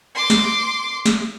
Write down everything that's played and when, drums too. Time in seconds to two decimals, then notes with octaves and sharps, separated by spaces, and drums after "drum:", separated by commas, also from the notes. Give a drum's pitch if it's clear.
0.15 C6 D6
0.30 drum: snare
1.06 drum: snare